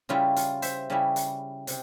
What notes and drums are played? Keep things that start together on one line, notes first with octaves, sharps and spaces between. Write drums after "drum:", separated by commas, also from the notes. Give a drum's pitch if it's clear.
C#3 G3 C#4 E4 F4
F4, drum: hi-hat
C5 E5, drum: hi-hat
C#3 G3 C#4 E4
drum: hi-hat
C3, drum: hi-hat